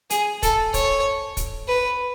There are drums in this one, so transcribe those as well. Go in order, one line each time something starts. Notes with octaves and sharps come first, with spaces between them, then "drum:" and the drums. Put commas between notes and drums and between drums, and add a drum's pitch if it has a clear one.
G#4, drum: hi-hat
A4, drum: kick, hi-hat
C#5, drum: kick, hi-hat
drum: kick, hi-hat
B4